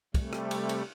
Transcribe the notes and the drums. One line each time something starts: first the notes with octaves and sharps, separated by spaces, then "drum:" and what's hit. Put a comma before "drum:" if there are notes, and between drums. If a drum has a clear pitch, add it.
C3 G3 A3, drum: kick, cymbal
drum: rim click
drum: cymbal
drum: cymbal